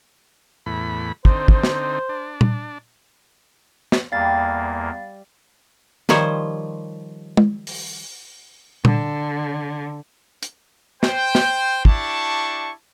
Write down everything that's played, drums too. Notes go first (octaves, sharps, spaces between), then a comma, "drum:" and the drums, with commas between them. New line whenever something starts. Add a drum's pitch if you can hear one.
E2 A2 B5
D3 C4 D#4 C5, drum: kick
drum: kick
drum: snare
D4
drum: tom A#2
drum: snare
E2 G3 A#3 F5 A6
D#3 F3 G3 C5 C#5, drum: snare
drum: tom
drum: open hi-hat
D3, drum: tom A#2
drum: hi-hat
C5 G5, drum: snare
drum: snare
D4 E4 G4 A5 C#6, drum: kick